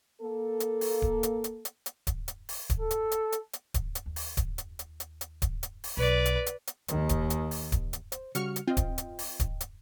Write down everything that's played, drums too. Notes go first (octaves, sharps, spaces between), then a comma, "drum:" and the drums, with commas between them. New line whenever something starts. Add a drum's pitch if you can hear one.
A#3 A4
drum: hi-hat
drum: open hi-hat
drum: kick D1
drum: hi-hat
drum: hi-hat
drum: hi-hat
drum: hi-hat
drum: kick D1, hi-hat
drum: hi-hat
drum: open hi-hat
drum: kick D1, hi-hat
A4
drum: hi-hat
drum: hi-hat
drum: hi-hat
drum: hi-hat
drum: kick D1, hi-hat
drum: hi-hat
D#2
drum: open hi-hat
drum: kick D1, hi-hat
drum: hi-hat
drum: hi-hat
drum: hi-hat
drum: hi-hat
drum: kick D1, hi-hat
drum: hi-hat
drum: open hi-hat
B1 B4 D5
drum: hi-hat
drum: hi-hat
drum: hi-hat
D#2 D#3, drum: hi-hat
drum: kick D1, hi-hat
drum: hi-hat
drum: open hi-hat
drum: kick D1, hi-hat
drum: hi-hat
C5, drum: hi-hat
C#3 G3 F#4 C#6 F6 C#7, drum: hi-hat
drum: hi-hat
C4 F4 D#5 G5
drum: kick D1, hi-hat
drum: hi-hat
drum: open hi-hat
drum: kick D1, hi-hat
drum: hi-hat